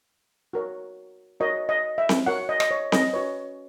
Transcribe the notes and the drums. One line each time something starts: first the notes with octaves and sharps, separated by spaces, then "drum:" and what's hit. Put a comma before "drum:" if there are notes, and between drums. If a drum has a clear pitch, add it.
F#4 A#4 C#5
F#4 A#4 C#5 D#5
D#5
E5
drum: snare C4
F#4 A#4 C#5 F#5
D#5
D#5, drum: rim click
C#5
D#5, drum: snare C4
C#4 F#4 B4 C#5